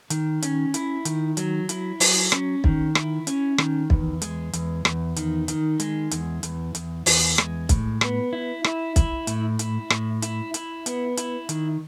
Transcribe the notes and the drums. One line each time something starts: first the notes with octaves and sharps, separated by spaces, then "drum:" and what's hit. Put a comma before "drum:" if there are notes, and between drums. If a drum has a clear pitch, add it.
D#3, drum: hi-hat
C#4, drum: hi-hat
E4, drum: hi-hat
D#3, drum: hi-hat
F#3, drum: hi-hat
E4, drum: hi-hat
F#3, drum: open hi-hat
C#4, drum: rim click
D#3, drum: kick
E4, drum: rim click
C#4, drum: hi-hat
D#3, drum: rim click
E2, drum: kick
G#3, drum: hi-hat
E2, drum: hi-hat
E2, drum: rim click
D#3, drum: hi-hat
D#3, drum: hi-hat
G#3, drum: hi-hat
E2, drum: hi-hat
E2, drum: hi-hat
E2, drum: hi-hat
E2, drum: open hi-hat
G#3, drum: rim click
A2, drum: kick, hi-hat
B3, drum: rim click
E4
E4, drum: rim click
E4, drum: kick, hi-hat
A2, drum: hi-hat
E4, drum: hi-hat
A2, drum: rim click
E4, drum: hi-hat
E4, drum: hi-hat
B3, drum: hi-hat
E4, drum: hi-hat
D#3, drum: hi-hat